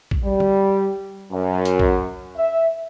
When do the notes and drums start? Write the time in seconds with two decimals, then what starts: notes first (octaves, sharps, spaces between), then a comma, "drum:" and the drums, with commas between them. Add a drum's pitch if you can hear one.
0.11 drum: kick
0.25 G3
0.40 drum: tom
1.32 F#2
1.65 drum: hi-hat
1.80 drum: kick
2.37 E5